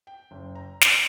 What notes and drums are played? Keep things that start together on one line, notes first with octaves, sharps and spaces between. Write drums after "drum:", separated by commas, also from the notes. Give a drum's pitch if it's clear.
G5
F#1
A#5
drum: snare